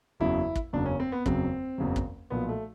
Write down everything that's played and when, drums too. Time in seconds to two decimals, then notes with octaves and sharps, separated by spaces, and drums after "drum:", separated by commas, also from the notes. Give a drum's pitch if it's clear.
0.20 F#1 E2 C#3 F#3 E4
0.56 drum: kick
0.73 F#1 E2 C#3 F#3 D4
0.86 C#4
1.00 C4
1.12 B3
1.26 F#1 E2 C#3 F#3 C4, drum: kick
1.78 F#1 E2 C#3 F#3
1.96 drum: kick
2.30 B1 A#2 F3 B3
2.49 A3